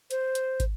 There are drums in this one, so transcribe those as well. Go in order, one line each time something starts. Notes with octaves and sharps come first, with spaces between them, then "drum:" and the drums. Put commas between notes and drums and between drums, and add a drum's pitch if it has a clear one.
C5, drum: hi-hat
drum: hi-hat
drum: kick, hi-hat